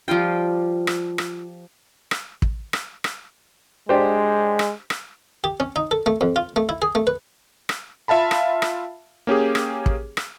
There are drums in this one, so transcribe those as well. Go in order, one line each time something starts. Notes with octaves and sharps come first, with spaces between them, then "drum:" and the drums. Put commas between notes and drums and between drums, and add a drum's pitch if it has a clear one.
F3 G3 F4 G5
drum: rim click
drum: rim click
drum: rim click
drum: kick
drum: rim click
drum: rim click
G#3 D4 G4 C5
drum: rim click
drum: rim click
G4
C#4
D#4
A4
A3
F2
F4
A3
E4
G#4
A3
B4
drum: rim click
F4 E5 F5 A5 B5
drum: rim click
drum: rim click
A#3 C#4 G4 G#4
drum: rim click
drum: kick
drum: rim click